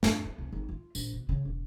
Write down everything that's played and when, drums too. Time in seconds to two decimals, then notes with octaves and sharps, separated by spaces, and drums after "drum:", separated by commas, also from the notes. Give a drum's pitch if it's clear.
0.03 G2, drum: snare
0.26 E4
0.38 C2
0.52 G#1
0.69 F4
0.95 A#1, drum: tambourine
1.13 B2
1.29 C#3
1.45 E1